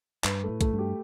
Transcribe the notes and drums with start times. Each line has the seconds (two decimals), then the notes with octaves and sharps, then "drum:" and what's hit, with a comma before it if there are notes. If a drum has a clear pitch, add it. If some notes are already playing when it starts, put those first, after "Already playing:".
0.24 G2 B4, drum: clap
0.43 A3
0.49 A2
0.61 A3, drum: kick B1, hi-hat
0.73 G2
0.79 G4